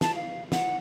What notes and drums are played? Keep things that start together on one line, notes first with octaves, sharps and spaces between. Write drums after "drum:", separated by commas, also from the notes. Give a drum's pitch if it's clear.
A5, drum: snare
F5
F#5, drum: snare